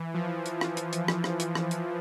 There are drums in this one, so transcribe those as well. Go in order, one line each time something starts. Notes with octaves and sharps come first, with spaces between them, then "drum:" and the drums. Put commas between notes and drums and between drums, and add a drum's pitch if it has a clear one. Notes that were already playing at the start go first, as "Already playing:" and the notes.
Already playing: E3
F3
drum: hi-hat
drum: rim click
drum: hi-hat
drum: hi-hat
drum: rim click
drum: rim click
drum: hi-hat
drum: rim click
drum: hi-hat